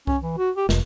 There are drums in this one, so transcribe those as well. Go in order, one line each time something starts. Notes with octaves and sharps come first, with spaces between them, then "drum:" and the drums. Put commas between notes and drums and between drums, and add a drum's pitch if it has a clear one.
C#4, drum: kick C2
E3
F#4
G4
F1 C#2, drum: snare